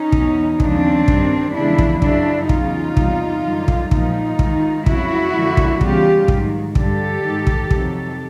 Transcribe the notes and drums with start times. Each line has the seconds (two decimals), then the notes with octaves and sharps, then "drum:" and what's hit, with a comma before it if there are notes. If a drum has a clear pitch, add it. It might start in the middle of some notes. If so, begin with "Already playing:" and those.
Already playing: C#4 D#4
0.12 E2 B2 F#3, drum: kick
0.60 D#2 C#3 F3 G#3 C4 D4, drum: kick
1.08 G2 D#3 G3, drum: kick
1.55 E2 C#3 F3 G#3 D4 E4
1.79 drum: kick
2.02 F#2 C#3 F#3 D4 E4, drum: kick
2.49 E2 C#3 F#3 D#4 F4, drum: kick
2.97 E2 C3 E3 G3, drum: kick
3.44 F#2 D3 G3
3.68 drum: kick
3.91 A#2 F3 G#3 D#4 F4, drum: kick
4.39 G#2 D#3 G#3, drum: kick
4.86 F2 C#3 F#3 E4 F#4, drum: kick
5.33 F#2 D3 F3 G#3
5.57 drum: kick
5.81 E2 C#3 E3 G3 F4 G4, drum: kick
6.28 G#2 D#3 F#3, drum: kick
6.75 G2 D3 F3 G4 A4, drum: kick
7.23 G#2 D#3 G#3
7.47 drum: kick
7.71 F2 C3 D#3 F#3, drum: kick